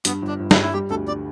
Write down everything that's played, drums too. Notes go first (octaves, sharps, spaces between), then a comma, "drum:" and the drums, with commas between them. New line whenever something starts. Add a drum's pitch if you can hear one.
G2 B3, drum: hi-hat
G1 D4
G1
E4, drum: snare
G2
E4
G3 G4
D2 A4
D3 D5